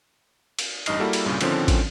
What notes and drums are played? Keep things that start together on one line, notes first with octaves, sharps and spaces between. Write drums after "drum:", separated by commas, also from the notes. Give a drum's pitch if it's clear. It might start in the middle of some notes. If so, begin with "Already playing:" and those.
drum: cymbal
A1 G2 D#4 D#5 F6 C7, drum: cymbal
G3 A#3 E4 F#4 A4
drum: cymbal
C2 G2 A#2 C#3
A2 D3 D#3 F3 C4 C#4, drum: cymbal
drum: kick, cymbal